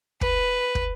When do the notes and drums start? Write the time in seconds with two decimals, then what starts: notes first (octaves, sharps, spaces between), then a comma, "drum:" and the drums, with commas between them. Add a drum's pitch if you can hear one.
0.21 B4, drum: kick
0.75 drum: kick